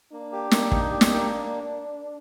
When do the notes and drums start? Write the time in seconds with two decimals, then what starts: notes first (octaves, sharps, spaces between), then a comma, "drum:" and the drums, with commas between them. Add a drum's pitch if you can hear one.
0.12 A#3 D4
0.32 G4
0.51 A#3, drum: snare
0.72 D#4, drum: kick
0.91 G4
1.01 drum: snare
1.11 A#3